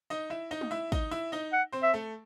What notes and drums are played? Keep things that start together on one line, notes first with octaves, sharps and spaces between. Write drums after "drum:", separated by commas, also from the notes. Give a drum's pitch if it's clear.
D#4 D#5
E4 E5
D#4 D#5
drum: tom G#3
E4 E5
D#4 D#5, drum: kick
E4 E5
D#4 D#5
F#5
C4 C5
E5
A3 A4